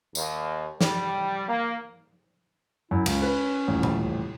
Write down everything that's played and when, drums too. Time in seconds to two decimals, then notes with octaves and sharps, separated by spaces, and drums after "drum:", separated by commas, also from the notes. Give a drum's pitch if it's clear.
0.15 D#2, drum: tambourine
0.81 G3, drum: snare
1.49 A#3
2.91 F#2 E4
3.06 C#2 C#4, drum: cymbal
3.22 B4
3.67 D#1 A1 D2
3.83 drum: tom A#2